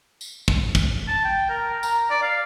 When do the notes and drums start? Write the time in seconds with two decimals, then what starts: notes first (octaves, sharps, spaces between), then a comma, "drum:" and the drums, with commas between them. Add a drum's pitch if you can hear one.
0.21 drum: tambourine
0.48 drum: kick
0.75 drum: kick, tambourine
1.08 A5
1.25 G5
1.49 A#4
1.83 A#5, drum: tambourine
2.10 D5
2.22 F5